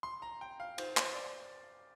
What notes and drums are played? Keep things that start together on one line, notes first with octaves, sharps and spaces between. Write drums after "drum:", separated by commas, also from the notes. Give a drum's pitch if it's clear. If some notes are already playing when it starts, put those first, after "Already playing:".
C6
A#5
G5
F5
C5, drum: cymbal
C5, drum: clap
D5